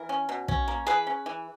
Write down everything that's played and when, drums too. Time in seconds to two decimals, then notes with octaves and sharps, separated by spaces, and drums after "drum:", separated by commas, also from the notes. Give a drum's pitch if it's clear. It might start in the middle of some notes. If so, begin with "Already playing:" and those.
Already playing: E3 A#4
0.09 C#4
0.29 B2
0.48 C#4, drum: kick
0.68 A#3
0.87 E3 G#4 B4
1.07 C#4
1.26 E3